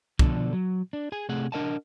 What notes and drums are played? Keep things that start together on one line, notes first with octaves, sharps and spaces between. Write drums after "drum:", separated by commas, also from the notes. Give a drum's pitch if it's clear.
B2 D3 F3 D4 A4, drum: kick
F#3
D4
G#4 G#5
C3 A3 G#4 F#5
D4 A#4 D#5 F#5 A5